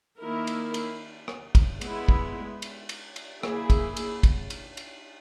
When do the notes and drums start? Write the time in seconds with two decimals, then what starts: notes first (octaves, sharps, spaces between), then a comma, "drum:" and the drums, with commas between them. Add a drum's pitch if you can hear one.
0.20 D#3 A#3 E4 A#4
0.47 drum: cymbal
0.74 drum: cymbal
1.28 drum: rim click
1.55 drum: kick, cymbal
1.81 G#3 B3 E4, drum: cymbal
2.09 drum: kick
2.62 drum: cymbal
2.89 drum: cymbal
3.16 drum: cymbal
3.43 A#3 E4 G#4, drum: rim click
3.70 drum: kick, cymbal
3.97 drum: cymbal
4.23 drum: kick, cymbal
4.50 drum: cymbal
4.77 drum: cymbal